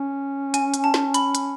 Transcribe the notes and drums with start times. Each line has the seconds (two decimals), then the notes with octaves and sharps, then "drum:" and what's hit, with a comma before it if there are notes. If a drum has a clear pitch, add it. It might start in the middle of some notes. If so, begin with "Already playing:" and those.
Already playing: C#4
0.54 G#5, drum: hi-hat
0.74 drum: hi-hat
0.84 A5
0.94 drum: snare
1.14 B5, drum: hi-hat
1.35 drum: hi-hat